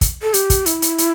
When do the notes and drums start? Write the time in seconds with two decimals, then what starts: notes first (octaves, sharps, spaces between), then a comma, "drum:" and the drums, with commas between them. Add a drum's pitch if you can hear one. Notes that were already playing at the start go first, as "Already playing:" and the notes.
0.01 drum: kick, hi-hat
0.22 A4
0.34 G4, drum: hi-hat
0.50 drum: kick, hi-hat
0.66 E4, drum: hi-hat
0.82 drum: hi-hat
0.98 drum: hi-hat